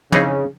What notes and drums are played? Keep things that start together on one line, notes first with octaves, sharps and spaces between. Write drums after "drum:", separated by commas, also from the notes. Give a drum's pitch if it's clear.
C#3 E3 C4 D#4 G#4, drum: tom